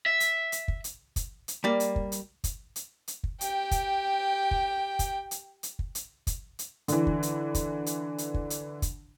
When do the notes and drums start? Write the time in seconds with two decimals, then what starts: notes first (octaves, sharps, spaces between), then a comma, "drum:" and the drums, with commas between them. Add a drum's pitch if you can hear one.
0.06 E5
0.20 drum: hi-hat
0.52 drum: hi-hat
0.68 drum: kick
0.84 drum: hi-hat
1.16 drum: kick, hi-hat
1.48 drum: hi-hat
1.64 G3 A#3 D5
1.80 drum: hi-hat
1.96 drum: kick
2.12 drum: hi-hat
2.44 drum: kick, hi-hat
2.76 drum: hi-hat
3.08 drum: hi-hat
3.24 drum: kick
3.41 G4 G5, drum: hi-hat
3.71 drum: kick, hi-hat
4.51 drum: kick
4.99 drum: kick, hi-hat
5.31 drum: hi-hat
5.63 drum: hi-hat
5.79 drum: kick
5.95 drum: hi-hat
6.27 drum: kick, hi-hat
6.59 drum: hi-hat
6.88 D3 E3, drum: hi-hat
7.07 drum: kick
7.23 drum: hi-hat
7.55 drum: kick, hi-hat
7.86 drum: hi-hat
8.18 drum: hi-hat
8.34 drum: kick
8.50 drum: hi-hat
8.82 drum: kick, hi-hat